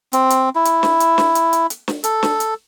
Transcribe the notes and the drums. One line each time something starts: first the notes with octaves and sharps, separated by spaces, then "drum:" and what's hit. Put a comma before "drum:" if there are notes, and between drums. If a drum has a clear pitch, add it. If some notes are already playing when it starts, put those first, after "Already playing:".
C4, drum: hi-hat
drum: hi-hat
E4
drum: hi-hat
drum: snare
drum: hi-hat
drum: snare
drum: hi-hat
drum: hi-hat
drum: hi-hat
drum: snare
A4, drum: hi-hat
drum: snare
drum: hi-hat